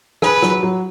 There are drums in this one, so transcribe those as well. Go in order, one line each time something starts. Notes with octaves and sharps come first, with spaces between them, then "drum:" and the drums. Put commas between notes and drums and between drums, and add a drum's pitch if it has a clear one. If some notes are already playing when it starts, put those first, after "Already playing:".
G#4 B4, drum: rim click
F#3, drum: rim click
F#3